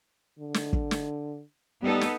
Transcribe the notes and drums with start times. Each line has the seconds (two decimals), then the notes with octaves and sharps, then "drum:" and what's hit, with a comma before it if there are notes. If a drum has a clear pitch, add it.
0.39 D3
0.54 drum: snare
0.73 drum: kick
0.91 drum: snare
1.83 G3 B3 D#4 A4
2.01 drum: snare